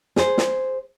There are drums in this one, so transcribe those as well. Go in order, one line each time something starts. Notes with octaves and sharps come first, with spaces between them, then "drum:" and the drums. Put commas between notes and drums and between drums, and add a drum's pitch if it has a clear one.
G#4 C5, drum: snare
drum: snare